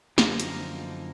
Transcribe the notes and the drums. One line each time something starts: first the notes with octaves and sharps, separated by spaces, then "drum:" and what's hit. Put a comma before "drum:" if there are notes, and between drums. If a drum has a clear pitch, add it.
F#2 D3 F3 A#3 D#4, drum: snare
drum: hi-hat